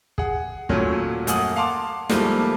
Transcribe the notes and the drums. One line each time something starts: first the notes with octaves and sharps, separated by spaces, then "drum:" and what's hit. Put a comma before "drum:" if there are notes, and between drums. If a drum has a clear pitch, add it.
G#4 F#5, drum: kick
D#2 A#2 F#3 A3 C#4, drum: kick
F#2 A3 A#3 F#5 D#6 F#7, drum: hi-hat
F5 F#5 A5 C6 D6
D2 G#2 F3 G3 A3 A#3, drum: snare